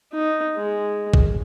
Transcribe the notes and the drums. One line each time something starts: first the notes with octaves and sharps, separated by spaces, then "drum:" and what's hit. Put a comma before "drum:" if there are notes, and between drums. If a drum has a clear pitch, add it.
D#4
G#3
drum: kick